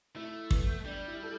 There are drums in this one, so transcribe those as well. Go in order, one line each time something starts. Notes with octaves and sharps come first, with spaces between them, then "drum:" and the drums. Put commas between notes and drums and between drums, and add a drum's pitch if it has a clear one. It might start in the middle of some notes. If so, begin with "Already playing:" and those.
A3 E4
B3, drum: kick
G3 D4
E4
A4